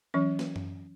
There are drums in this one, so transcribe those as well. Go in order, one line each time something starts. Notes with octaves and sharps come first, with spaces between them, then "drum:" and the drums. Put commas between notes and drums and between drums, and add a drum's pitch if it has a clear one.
E3 F#3 C#4
drum: snare
drum: tom F#2